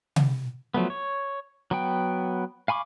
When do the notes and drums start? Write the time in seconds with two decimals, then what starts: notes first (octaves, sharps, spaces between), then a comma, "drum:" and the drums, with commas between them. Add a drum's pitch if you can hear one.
0.16 drum: tom C3
0.74 F3 F#3 A3 B3
0.90 C#5
1.71 F#3 B3 G5
2.68 F5 G#5 B5 C#6 D6